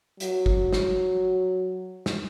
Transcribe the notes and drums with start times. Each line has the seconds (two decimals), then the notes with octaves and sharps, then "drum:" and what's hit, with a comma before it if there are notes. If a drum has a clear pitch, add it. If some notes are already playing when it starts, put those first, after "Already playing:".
0.20 F#3, drum: hi-hat
0.46 drum: kick G1
0.73 drum: snare
2.06 drum: snare